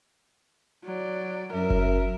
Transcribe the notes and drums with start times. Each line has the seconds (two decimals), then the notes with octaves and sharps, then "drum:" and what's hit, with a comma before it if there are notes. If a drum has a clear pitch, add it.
0.84 F#3 D5
1.53 F#2 A#4 E5
1.70 drum: kick F#1